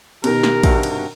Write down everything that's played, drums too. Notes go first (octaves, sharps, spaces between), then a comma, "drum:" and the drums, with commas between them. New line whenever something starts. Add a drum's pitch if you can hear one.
B2 D#3 G4 A#4, drum: cymbal
drum: snare
G2 C3 F#4, drum: kick, cymbal
drum: cymbal